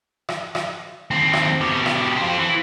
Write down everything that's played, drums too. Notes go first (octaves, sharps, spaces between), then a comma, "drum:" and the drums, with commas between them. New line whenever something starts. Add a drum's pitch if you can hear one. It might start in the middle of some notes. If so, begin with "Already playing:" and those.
drum: rim click
drum: rim click
D#2 C4
drum: rim click
B2 G4
drum: rim click
C4 F4
E3